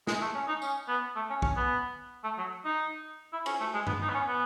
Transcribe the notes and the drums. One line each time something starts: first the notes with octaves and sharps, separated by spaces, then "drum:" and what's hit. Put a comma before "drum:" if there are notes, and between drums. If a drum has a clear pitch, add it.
G#3, drum: snare
A3
C#4
D#4
C#4, drum: tambourine
B3
A3
C#4
C#4, drum: kick
B3
A3
F#3
D#4
E4
C#4, drum: cymbal
A3
G#3
B3, drum: tom G2
D#4
B3
C#4
B3